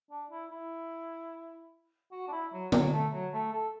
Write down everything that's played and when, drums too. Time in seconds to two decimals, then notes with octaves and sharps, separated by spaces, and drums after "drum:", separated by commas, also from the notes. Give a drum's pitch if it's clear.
0.11 D4
0.31 E4
0.51 E4
2.12 F#4
2.28 D4
2.32 E4
2.53 F#3
2.72 F#3, drum: tom
2.93 A3
3.13 F#3
3.33 A3
3.53 A4